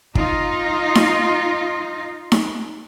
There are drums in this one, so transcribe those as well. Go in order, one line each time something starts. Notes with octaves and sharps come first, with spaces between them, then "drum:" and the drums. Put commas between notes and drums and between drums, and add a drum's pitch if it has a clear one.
D#4 F4, drum: kick
drum: snare D#4
drum: snare D#4